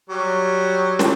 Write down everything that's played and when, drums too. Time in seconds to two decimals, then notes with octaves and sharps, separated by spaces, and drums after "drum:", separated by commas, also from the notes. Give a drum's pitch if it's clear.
0.10 F#3 G3
0.99 drum: snare